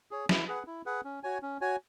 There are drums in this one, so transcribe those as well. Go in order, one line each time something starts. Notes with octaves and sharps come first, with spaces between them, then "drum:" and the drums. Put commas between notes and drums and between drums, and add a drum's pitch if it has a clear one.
G#4 C#5
E4, drum: snare
G#4 B4 F#5
E4
G#4 B4 F#5
C#4
F#4 C#5 G#5
C#4
F#4 C#5 G#5